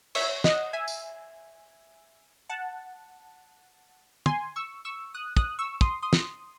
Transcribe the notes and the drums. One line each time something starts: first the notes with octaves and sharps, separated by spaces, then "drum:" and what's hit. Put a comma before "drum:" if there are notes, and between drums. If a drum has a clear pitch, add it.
C#5 E5, drum: cymbal
D#5 F#5, drum: snare
E5 G#5
drum: tambourine
F#5 A5
G#5 C6, drum: tom
C#6 E6
C#6 E6
D#6 F#6
D#6 F#6, drum: kick
C#6 E6
C6 D#6, drum: kick
C6 D#6
drum: snare